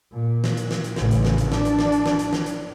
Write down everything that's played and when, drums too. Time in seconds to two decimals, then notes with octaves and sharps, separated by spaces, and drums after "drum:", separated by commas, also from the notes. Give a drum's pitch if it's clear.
0.13 A#2
0.44 drum: snare
0.57 drum: hi-hat
0.71 drum: snare
0.84 drum: hi-hat
0.96 A1 C#3, drum: snare
1.11 drum: hi-hat
1.25 drum: snare
1.38 drum: hi-hat
1.52 D4, drum: snare
1.65 drum: hi-hat
1.79 drum: snare
1.92 drum: hi-hat
2.06 drum: snare
2.19 drum: hi-hat
2.33 drum: snare
2.46 drum: hi-hat